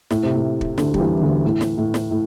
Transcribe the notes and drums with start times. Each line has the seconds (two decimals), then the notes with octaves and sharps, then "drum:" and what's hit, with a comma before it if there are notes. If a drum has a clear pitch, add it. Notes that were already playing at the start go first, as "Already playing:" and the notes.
0.10 A2, drum: snare
0.23 C3
0.34 A2
0.61 drum: kick
0.78 D2 D3, drum: snare
0.94 G3, drum: kick
1.00 E2 E3
1.17 E3
1.21 D2 D3
1.45 A2
1.61 drum: snare
1.77 A2
1.94 drum: snare
2.11 A2